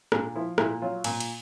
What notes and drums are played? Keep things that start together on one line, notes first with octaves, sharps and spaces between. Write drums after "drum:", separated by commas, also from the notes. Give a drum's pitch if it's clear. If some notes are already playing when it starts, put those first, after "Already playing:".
A#2 D4, drum: rim click
F3 E4
A#2 E4, drum: rim click
F#3 F4
A#2, drum: cymbal
drum: cymbal